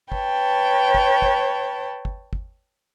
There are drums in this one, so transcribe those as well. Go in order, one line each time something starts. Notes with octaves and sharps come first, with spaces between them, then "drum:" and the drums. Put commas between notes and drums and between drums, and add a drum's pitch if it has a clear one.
B4 C#5 G5 A5, drum: kick
drum: kick
drum: kick
drum: kick
drum: kick